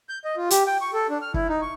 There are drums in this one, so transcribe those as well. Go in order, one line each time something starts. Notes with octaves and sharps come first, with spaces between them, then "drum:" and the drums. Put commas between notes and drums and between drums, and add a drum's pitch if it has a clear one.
G6
D#5
F4
G4, drum: hi-hat
G5
C#6
A4
D4
F6
E4, drum: kick
D#4
C#6